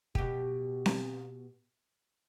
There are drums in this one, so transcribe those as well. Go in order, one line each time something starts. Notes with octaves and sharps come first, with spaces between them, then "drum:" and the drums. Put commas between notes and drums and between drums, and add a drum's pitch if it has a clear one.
B2 G4, drum: kick
drum: snare C4